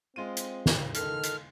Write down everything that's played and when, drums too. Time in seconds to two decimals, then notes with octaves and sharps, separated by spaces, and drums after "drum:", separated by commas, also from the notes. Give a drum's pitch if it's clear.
0.16 G#3 C4 F4 D#7
0.37 drum: hi-hat
0.66 drum: snare
0.95 D#3 A4 F6, drum: hi-hat
1.24 drum: hi-hat